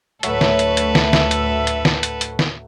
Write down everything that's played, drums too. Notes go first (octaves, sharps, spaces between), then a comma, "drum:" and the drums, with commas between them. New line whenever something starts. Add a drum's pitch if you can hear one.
D2 A2 F#3 A3 A4 B4 E5, drum: hi-hat
drum: snare
drum: hi-hat
drum: hi-hat
drum: snare
drum: snare
drum: hi-hat
drum: hi-hat
drum: snare
drum: hi-hat
drum: hi-hat
drum: snare